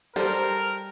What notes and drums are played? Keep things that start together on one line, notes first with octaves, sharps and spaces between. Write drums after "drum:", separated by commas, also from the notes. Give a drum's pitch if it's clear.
G3 A4 A#4 C5, drum: tambourine